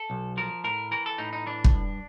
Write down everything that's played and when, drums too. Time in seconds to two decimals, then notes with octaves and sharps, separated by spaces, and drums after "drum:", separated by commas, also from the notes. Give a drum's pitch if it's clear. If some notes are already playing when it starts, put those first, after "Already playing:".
Already playing: A4
0.10 B1
0.37 F3 A#4
0.64 A2 A#4
0.91 E3 A#4
1.06 A4
1.18 A2 D#4
1.33 D#4
1.46 E3 D4
1.64 drum: kick
1.74 G2